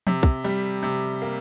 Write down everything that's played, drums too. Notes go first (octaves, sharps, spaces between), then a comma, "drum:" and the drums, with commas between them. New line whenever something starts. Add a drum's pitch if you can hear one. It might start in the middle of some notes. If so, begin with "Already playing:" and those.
C3, drum: tom F3
drum: kick
G3
C3
A#3